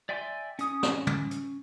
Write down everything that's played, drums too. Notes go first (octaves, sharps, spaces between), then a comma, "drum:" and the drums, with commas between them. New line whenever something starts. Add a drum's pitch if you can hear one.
D5 E5 G5 G#5 C6
C#4 D#6, drum: hi-hat
drum: snare
drum: tom
drum: hi-hat